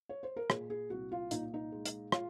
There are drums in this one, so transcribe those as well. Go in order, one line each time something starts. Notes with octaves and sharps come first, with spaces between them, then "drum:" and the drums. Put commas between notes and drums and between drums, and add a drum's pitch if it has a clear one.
C#5
C5
A#4
A#2 G#4, drum: rim click
G#4
C2 F#4
F4
A#2 D#4, drum: hi-hat
D#4
G#3
drum: hi-hat
F4, drum: rim click